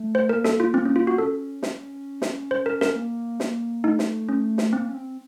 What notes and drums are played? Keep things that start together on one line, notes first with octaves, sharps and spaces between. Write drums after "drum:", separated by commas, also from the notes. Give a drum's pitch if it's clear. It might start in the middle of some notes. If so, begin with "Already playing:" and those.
Already playing: A3
C5
A#3 A#4
A4, drum: snare
F4
C4
C#4
F4
F#4
C#4 A4
drum: snare
drum: snare
C5
A#4
A#4, drum: snare
A#3
drum: snare
A3 D#4
drum: snare
C#4
drum: snare
A#3 C4
C#4
C4